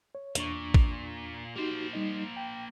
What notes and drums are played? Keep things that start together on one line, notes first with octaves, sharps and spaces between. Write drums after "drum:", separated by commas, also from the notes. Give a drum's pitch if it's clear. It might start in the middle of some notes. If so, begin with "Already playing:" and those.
C#5
E2 A#2 D4 C#6, drum: hi-hat
drum: kick
A#3 D#4 F#4 G4 C5
G3 D#4 D#5
G5